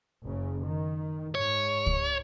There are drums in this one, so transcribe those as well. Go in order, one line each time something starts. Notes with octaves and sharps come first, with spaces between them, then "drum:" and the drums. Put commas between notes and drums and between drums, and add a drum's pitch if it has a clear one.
F#1 C#3
D#3
G#2 C#5
drum: kick C#2